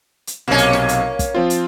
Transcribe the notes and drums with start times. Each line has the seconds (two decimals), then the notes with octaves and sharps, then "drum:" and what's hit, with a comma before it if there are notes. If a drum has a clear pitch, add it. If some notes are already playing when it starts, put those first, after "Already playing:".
0.27 drum: hi-hat
0.48 B1 C3 A#3 C#4
0.58 drum: hi-hat
0.73 drum: snare
0.89 drum: hi-hat
1.19 drum: kick, hi-hat
1.35 F3 C4 F4
1.50 drum: hi-hat